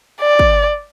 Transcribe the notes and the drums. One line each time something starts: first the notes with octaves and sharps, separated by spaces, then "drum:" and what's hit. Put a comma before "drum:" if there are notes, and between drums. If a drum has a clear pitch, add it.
D5
drum: kick